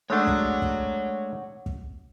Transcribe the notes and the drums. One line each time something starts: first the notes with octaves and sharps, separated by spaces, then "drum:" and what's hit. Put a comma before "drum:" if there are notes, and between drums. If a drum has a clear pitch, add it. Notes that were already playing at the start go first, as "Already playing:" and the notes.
G#3 A3 D4 C#5 F#5
drum: kick
drum: kick
drum: kick